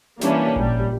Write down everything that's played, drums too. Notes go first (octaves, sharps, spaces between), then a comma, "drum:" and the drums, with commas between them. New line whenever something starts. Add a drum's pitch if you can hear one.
E3 G3 A#3 C#4 D4 E4, drum: snare
A#1 G3, drum: kick G#1